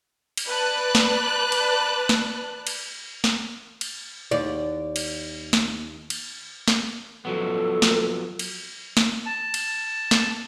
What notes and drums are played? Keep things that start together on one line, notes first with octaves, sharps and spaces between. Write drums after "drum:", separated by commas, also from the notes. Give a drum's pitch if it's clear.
drum: cymbal
B4 D5 A5 F#6
drum: snare
drum: cymbal
drum: snare
drum: cymbal
drum: snare
drum: cymbal
D#2 D5
drum: cymbal
drum: snare
drum: cymbal
drum: snare
F3 F#3 B3 A4
drum: snare
drum: cymbal
drum: snare
A5
drum: cymbal
drum: snare